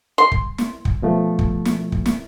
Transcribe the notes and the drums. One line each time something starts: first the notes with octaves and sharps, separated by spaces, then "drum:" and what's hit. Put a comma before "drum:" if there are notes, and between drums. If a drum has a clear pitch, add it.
C6
drum: kick
drum: snare
drum: kick
B2 F3 A3
drum: kick
drum: snare
drum: kick
drum: snare